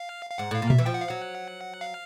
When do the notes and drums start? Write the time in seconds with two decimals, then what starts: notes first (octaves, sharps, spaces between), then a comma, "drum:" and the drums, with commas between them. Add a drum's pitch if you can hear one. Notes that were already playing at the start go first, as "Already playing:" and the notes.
Already playing: F5
0.30 F5
0.38 G#2 F#5
0.51 A2
0.55 F5
0.62 A#2
0.70 E5, drum: tom A#2
0.78 E3
0.85 F3 G5
0.94 F#5
1.01 F5
1.09 F#3 F#5
1.81 F5